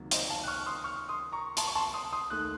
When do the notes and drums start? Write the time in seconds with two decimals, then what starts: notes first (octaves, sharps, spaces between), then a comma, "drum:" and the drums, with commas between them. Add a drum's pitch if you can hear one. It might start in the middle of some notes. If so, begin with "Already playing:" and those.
Already playing: C#2 C3 D#3 F#3 A#3
0.11 C5 D#5, drum: hi-hat
0.29 F5 A5
0.44 F#6
0.48 C#6 F6
0.66 C6 D#6
0.84 C#6 F6
1.09 C6 D#6
1.32 A#5 C#6
1.57 A5 C6, drum: hi-hat
1.67 C#6
1.75 A5 C6
1.94 C6 D#6
2.13 C6 D#6
2.30 D#2 D#3 A3 D#6 F#6